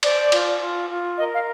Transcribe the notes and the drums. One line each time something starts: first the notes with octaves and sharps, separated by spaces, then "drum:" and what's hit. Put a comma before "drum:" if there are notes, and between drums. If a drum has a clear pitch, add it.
C5 D5, drum: cymbal
F4, drum: cymbal
F4
F4
A#4 D#5
F5